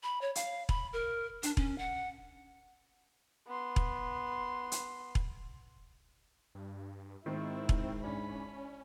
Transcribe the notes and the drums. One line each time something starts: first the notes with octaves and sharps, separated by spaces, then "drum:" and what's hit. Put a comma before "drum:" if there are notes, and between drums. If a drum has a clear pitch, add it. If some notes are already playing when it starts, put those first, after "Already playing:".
B5
C#5
F5, drum: hi-hat
B5, drum: kick E1
A#4
D4, drum: hi-hat
C#4, drum: kick E1
F#5
B3 C6
drum: kick E1
drum: hi-hat
drum: kick E1
G2
G#2 D#3 C4 E4
drum: kick E1
C#4 D4 B5